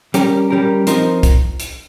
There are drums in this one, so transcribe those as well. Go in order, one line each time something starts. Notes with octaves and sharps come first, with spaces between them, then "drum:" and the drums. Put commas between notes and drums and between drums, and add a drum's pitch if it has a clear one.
G3 C#4 G4 A#4, drum: hi-hat
G3 C#4 G4 A#4
F3 C4 D#4 A#4, drum: hi-hat
drum: kick, hi-hat
drum: hi-hat